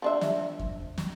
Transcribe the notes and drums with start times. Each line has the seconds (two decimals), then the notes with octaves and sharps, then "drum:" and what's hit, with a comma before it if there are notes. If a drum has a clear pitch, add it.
0.02 F3 D4 E5
0.21 drum: snare
0.59 drum: kick F2
0.98 drum: snare